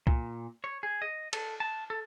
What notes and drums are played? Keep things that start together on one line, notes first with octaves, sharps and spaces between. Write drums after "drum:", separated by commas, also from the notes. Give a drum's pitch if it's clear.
A#2, drum: kick C2
C#5
G#4
D#5
A4, drum: cymbal
A5
A4